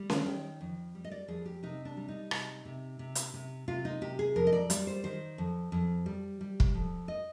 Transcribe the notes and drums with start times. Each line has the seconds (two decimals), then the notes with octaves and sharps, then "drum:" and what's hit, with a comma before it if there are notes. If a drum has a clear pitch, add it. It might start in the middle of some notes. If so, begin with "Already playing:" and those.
Already playing: G3
0.10 F5, drum: snare C#4
0.26 D#3 G5
0.61 F2
0.95 G3
1.05 D#5
1.11 D5
1.28 F2 G#4
1.46 G4
1.63 C3 D#4
1.85 D4
1.97 G3
2.08 D#4
2.31 C3, drum: rim click
2.65 C3
2.99 C3
3.15 drum: hi-hat
3.34 C3
3.68 C3 F4
3.85 D#4
4.01 C3 G4
4.19 G#4
4.36 F2 A#4
4.47 D#5
4.53 D5
4.70 G3 D5, drum: hi-hat
4.87 C5
5.04 D#3 C5
5.38 F2
5.72 F2
6.06 G3
6.41 G3
6.60 drum: kick
6.74 F2
7.08 D#5